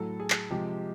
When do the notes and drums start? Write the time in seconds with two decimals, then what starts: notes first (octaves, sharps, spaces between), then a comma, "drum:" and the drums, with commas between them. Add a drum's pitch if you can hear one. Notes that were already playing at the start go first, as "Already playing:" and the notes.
Already playing: A2 F#3 A4
0.20 G#4
0.30 drum: clap
0.50 C3 F3 G#3 G4